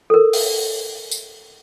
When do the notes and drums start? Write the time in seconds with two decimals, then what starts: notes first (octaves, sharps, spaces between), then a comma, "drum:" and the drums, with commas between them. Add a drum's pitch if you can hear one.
0.10 A4 A#4
0.33 drum: open hi-hat
1.11 drum: tambourine